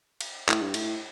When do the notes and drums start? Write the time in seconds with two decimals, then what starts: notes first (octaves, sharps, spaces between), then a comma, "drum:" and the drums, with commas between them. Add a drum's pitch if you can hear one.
0.21 drum: cymbal
0.49 A2, drum: clap
0.61 G2
0.74 A2, drum: cymbal